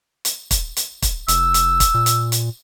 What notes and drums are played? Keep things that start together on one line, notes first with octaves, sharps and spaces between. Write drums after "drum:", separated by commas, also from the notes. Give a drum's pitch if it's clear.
drum: hi-hat
drum: kick, hi-hat
drum: hi-hat
drum: kick, hi-hat
F1 E6, drum: hi-hat
drum: hi-hat
drum: kick, hi-hat
A#2
drum: hi-hat
drum: hi-hat